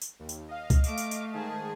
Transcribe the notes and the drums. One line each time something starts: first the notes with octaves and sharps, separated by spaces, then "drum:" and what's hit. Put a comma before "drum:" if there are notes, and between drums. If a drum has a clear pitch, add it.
drum: tambourine
D#2
drum: tambourine
D#5 F5
drum: kick C#2, tambourine
A3 D6, drum: tambourine
drum: tambourine
drum: tambourine
G#2 D#3 G#4 A5